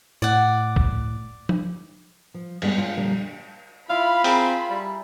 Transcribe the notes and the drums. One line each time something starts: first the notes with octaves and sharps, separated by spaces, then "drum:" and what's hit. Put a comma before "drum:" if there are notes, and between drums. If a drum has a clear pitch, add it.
A2 D5 F#5
drum: kick
drum: tom F3
F3
G2 G#3 B3 G4, drum: cymbal
G#3 F4
F2 A#2 D3 G3
E4 F4 F5 B5
C4 G#4 A#4 G5, drum: open hi-hat
G3